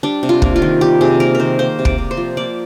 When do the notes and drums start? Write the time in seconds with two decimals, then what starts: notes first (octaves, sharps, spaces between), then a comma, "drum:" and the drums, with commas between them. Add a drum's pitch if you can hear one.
0.03 G3 D4
0.23 C3
0.29 F4
0.42 A#3, drum: kick
0.56 F4
0.62 D#3
0.81 G3 G4
1.01 C3 G#4
1.20 A#3 A#4
1.35 A#4
1.40 D#3 C5
1.59 A#3 C5
1.79 C3
1.85 D5, drum: kick
1.98 C3
2.11 C5
2.17 F3
2.37 A#3 D5